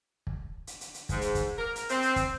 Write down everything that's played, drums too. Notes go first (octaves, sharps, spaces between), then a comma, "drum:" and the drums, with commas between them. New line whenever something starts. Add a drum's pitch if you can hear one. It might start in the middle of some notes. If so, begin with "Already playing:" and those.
drum: kick
drum: hi-hat
drum: hi-hat
drum: hi-hat
G#2, drum: kick, hi-hat
drum: hi-hat
drum: kick, hi-hat
A#4
drum: hi-hat
C4, drum: hi-hat
drum: hi-hat
drum: kick, hi-hat